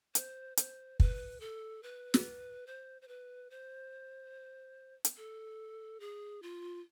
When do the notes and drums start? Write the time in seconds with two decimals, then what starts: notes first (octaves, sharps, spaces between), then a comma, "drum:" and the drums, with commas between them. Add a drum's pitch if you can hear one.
0.15 C5, drum: hi-hat
0.57 C5, drum: hi-hat
1.00 B4, drum: kick
1.40 A4
1.83 B4
2.14 drum: snare
2.67 C5
3.02 C5
3.08 B4
3.50 C5
5.05 drum: hi-hat
5.17 A4
6.00 G#4
6.42 F4